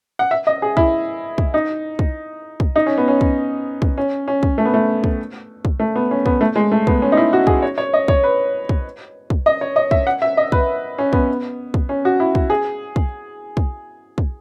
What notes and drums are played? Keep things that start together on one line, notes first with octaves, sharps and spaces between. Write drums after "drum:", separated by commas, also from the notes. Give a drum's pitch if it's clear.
F#5
E5
D#5
G#4
E4, drum: kick
drum: kick
D#4
drum: kick
drum: kick
D#4
C#4
B3
C#4
drum: kick
drum: kick
C#4
C#4
drum: kick
A3
B3
A3
drum: kick
drum: kick
A3
B3
C#4
B3, drum: kick
A3
G#3
A3
B3, drum: kick
C#4
D#4
E4
F#4
G#4, drum: kick
C#5
C#5
D#5
C#5, drum: kick
B4
drum: kick
drum: kick
D#5
C#5
D#5
E5, drum: kick
F#5
E5
D#5
B4, drum: kick
C#4
B3, drum: kick
drum: kick
C#4
F#4
E4
drum: kick
G#4
drum: kick
drum: kick
drum: kick